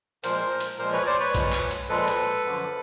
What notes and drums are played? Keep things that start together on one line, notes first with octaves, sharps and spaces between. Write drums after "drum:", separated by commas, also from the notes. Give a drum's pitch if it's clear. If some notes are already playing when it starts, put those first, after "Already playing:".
A#2 F3 G#3 A#4 C5, drum: hi-hat
drum: hi-hat
A#2 F3 G#3 A#4 C5
B4 C#5
C5 D5
B4 C#5
A#2 F3 G#3, drum: kick B1, hi-hat
drum: clap
drum: hi-hat
A#2 F3 G#3 A4 B4
drum: hi-hat
F#2 D3 F3